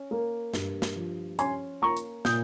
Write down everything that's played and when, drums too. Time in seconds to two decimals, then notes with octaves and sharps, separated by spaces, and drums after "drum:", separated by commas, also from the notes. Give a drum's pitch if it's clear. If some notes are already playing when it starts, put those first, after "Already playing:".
Already playing: C#4
0.11 A#3
0.54 G2, drum: snare
0.82 drum: snare
0.96 F3
1.39 C#4 G#5 C6, drum: hi-hat
1.82 A#3 A#5 C#6
1.97 drum: hi-hat
2.25 A#2 D#6 G6, drum: snare